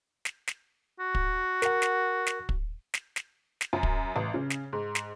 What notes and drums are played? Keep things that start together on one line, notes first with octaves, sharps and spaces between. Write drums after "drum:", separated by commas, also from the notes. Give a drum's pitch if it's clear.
drum: snare
drum: snare
F#4
drum: kick
A#4 F#5, drum: snare
drum: snare
drum: snare
drum: kick
drum: snare
drum: snare
drum: snare
F#2
drum: kick
A1
C#3
drum: snare
G#2
drum: snare